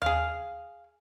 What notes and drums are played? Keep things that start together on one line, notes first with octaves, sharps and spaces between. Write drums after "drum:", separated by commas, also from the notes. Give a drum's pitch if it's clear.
G#4 F5, drum: tom D#2